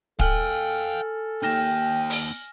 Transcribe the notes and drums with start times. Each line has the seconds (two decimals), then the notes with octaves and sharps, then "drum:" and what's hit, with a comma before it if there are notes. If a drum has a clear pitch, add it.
0.19 A4 F5 G5 G#5 F6 F#7, drum: kick
1.43 A#3 D#4 G5 F6 A#6 E7
2.10 drum: open hi-hat